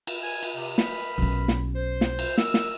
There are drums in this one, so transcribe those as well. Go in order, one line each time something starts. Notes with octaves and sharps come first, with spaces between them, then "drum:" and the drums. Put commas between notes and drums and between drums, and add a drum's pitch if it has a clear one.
drum: cymbal
G#5
drum: cymbal
C3
A#4 B4 B5, drum: snare
B1 C#4
drum: snare
C5
drum: snare
drum: cymbal
A#4 E6, drum: snare
drum: snare